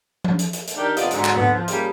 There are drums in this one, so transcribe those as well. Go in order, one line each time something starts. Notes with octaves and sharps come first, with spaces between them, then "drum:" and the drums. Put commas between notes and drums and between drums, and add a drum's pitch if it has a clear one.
drum: tom F3
drum: hi-hat
drum: hi-hat
drum: hi-hat
D#3 D4 G4
F2 C3 B3 F4 D5 D#5, drum: hi-hat
G#2 D3 F#3, drum: hi-hat
drum: clap
D3 B3, drum: tom G#2
F3
F3 G3 A#3 C#4 G4 G#4, drum: hi-hat